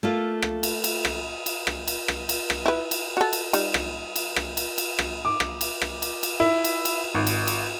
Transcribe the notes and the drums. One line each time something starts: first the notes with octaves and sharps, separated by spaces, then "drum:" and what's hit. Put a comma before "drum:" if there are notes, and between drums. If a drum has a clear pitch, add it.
A3 A#3 F4
drum: rim click
drum: cymbal
drum: cymbal
drum: rim click
drum: cymbal
drum: rim click
drum: cymbal
drum: rim click
drum: cymbal
drum: rim click
E4 B4
drum: cymbal
F#4 A4
drum: cymbal
G3 D#4, drum: cymbal
drum: rim click
drum: cymbal
drum: rim click
drum: cymbal
drum: cymbal
drum: rim click
D6
drum: rim click
drum: cymbal
drum: rim click
drum: cymbal
drum: cymbal
E4
drum: cymbal
drum: cymbal
G#1
drum: cymbal
drum: cymbal